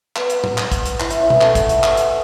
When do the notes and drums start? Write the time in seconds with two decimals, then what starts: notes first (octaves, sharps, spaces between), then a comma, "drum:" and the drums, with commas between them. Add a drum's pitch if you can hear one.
0.16 B3, drum: clap
0.30 drum: hi-hat
0.44 drum: tom
0.58 drum: clap
0.72 drum: kick, hi-hat
0.86 drum: hi-hat
1.00 E4, drum: clap
1.10 E4, drum: hi-hat
1.20 C#4
1.30 B3, drum: tom
1.41 A3, drum: clap
1.55 drum: kick, hi-hat
1.69 drum: hi-hat
1.83 drum: clap
1.97 drum: hi-hat